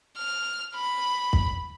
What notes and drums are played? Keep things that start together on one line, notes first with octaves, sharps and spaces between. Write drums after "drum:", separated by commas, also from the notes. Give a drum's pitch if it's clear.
F6
B5
drum: kick